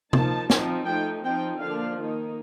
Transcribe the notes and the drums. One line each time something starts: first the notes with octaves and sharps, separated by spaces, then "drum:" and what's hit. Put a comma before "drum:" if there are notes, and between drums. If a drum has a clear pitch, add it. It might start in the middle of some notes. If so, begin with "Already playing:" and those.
F3 A#3 D#4 A5, drum: tom
F3 C4 D#4, drum: snare
F3 A3 D#4 G5
F3 C4 D#4 G5
D3 F3 A#3 D4 F5
D#3 A#3 D#4